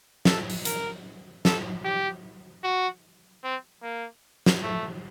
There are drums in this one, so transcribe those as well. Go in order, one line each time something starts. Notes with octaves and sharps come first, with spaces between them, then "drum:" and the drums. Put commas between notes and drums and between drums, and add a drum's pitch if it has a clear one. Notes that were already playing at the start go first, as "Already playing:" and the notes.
A4, drum: snare
drum: open hi-hat
A#4, drum: hi-hat
A4, drum: snare
G4
F#4
C4
A#3
drum: snare
A3